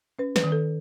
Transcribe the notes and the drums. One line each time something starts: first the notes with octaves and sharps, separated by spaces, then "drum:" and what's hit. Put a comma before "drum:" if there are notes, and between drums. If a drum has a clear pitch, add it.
C#4 B4
B4, drum: snare
D#3
A4